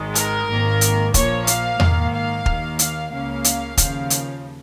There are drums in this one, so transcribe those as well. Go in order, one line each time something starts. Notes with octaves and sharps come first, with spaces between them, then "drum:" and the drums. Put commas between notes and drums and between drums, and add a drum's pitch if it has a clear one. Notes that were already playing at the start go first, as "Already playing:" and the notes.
Already playing: G#1 G#2 D#3 G#3
A#4, drum: hi-hat
G#1 G#2 D#3 A#3
drum: hi-hat
A#1 A#2 F3 A#3 C#5, drum: kick, hi-hat
F5, drum: hi-hat
G#2 D#3 A#3, drum: tom E2
F5
D#2 D#3 A#3, drum: kick
F5, drum: hi-hat
C#2 C#3 A#3 C#4 F5
drum: hi-hat
D#2 C#3 F3, drum: kick, hi-hat
drum: hi-hat